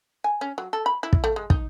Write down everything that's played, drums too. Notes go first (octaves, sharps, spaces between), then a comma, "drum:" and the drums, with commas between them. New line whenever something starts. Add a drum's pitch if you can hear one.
G#5
C#4
F#3
A4
B5
E4
drum: kick
A3
G#3
D#4, drum: kick